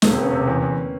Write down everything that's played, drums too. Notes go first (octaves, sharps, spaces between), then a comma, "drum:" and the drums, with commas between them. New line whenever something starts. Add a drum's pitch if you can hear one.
E1 A3 B3, drum: snare
A#3 C4
E1 B3 C#4
C3
E2
E2